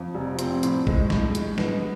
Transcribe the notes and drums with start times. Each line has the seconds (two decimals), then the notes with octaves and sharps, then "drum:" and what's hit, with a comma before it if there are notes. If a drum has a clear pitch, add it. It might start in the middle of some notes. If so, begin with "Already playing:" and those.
Already playing: F2
0.15 F1
0.39 C4, drum: hi-hat
0.63 A2, drum: hi-hat
0.87 G#3, drum: kick A1
1.10 A2, drum: snare
1.35 G#3, drum: hi-hat
1.58 B3, drum: snare